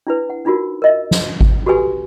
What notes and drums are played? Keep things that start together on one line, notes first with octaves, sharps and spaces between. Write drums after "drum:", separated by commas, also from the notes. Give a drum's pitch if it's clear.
D4 E4 B4
F#5
D4 D#4 F4 F#4 A#4
A#4 D#5 E5
drum: snare
drum: kick G#1
F#4 G4 A4 B4 G#5